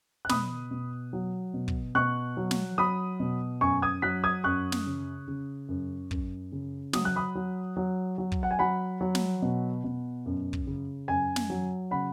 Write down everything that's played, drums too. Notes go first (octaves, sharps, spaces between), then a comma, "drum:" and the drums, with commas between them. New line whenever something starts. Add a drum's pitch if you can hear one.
F#6
B2 B5 D#6, drum: snare
B2
F#3
B2
drum: kick
B2 C#6 F#6
F#3
drum: snare
F#3 B5 D#6
B2
F#2 G#5 C#6
D#6 G#6
F#3 F#6 B6
D#6 G#6
F#2 C#6 F#6
drum: snare
C#3
C#3
F#2
F#2, drum: kick
C#3
F#3 D#6, drum: snare
F#6
B5 D#6
F#3
F#3
F#3
drum: kick
F#5
G#5
F#3 F#5 B5
F#3
drum: snare
B2
B2
F#2
drum: kick
C#3
F#2 G#5
drum: snare
F#3
C#3 F#5 B5